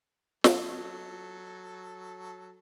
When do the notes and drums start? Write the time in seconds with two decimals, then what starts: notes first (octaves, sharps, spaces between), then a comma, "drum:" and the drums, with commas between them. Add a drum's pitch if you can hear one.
0.44 F#3 A4, drum: snare